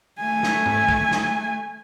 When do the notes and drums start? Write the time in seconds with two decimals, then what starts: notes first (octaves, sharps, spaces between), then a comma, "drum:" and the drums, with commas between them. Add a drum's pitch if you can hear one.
0.20 A3 G#5
0.43 drum: snare
0.66 drum: tom
0.88 drum: kick
1.11 drum: snare